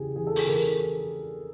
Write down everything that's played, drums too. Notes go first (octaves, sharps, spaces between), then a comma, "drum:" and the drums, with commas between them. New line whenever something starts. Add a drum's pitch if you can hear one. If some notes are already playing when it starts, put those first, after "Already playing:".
Already playing: E2 C#3 E3 G4 G#4
E2 G#4
A4
G#4, drum: open hi-hat
C#3 E3 A#4